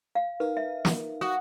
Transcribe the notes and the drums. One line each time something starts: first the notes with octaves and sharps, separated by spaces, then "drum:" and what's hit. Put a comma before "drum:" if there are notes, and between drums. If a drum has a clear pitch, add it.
F5
D#4 A#4 B4 F5
E5
drum: snare
F#4 D#6